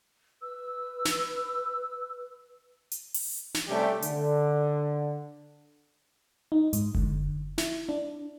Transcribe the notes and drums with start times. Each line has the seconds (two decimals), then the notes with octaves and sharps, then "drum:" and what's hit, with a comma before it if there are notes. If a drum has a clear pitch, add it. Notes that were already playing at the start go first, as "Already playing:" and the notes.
0.42 B4 E6
1.05 drum: snare
2.91 drum: hi-hat
3.14 drum: open hi-hat
3.54 drum: snare
3.68 C3 G3 A3 C#4 D4 G4
4.02 D3, drum: hi-hat
6.52 D#4
6.73 G#2, drum: hi-hat
6.95 D3, drum: kick F#1
7.58 E4, drum: snare
7.89 D4